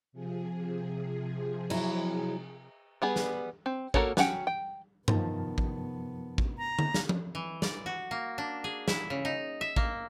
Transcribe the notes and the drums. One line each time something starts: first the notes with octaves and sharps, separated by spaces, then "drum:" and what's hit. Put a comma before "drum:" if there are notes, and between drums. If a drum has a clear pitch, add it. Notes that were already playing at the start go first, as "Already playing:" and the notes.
C3 F3 G#4
F#3 E4, drum: cymbal
G3 B3 G#4
drum: snare
C4
A#3 F#4 A4 A#4 C#5, drum: kick A1
F#3 C#4 F#5 G5, drum: snare
G5
F#2 C3 D#3 F3 B3 A5, drum: tom G2
drum: kick A1
drum: kick A1
A#5
drum: tom D3
drum: snare
drum: tom F3
E3
D5, drum: snare
F#4
A#3
D4
G#4
E4, drum: snare
C#3
D#4
E5
A#3, drum: kick A1